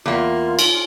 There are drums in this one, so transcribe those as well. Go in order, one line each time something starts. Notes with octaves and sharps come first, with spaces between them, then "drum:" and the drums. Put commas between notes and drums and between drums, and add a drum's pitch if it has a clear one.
E2 A#3 F4
drum: cymbal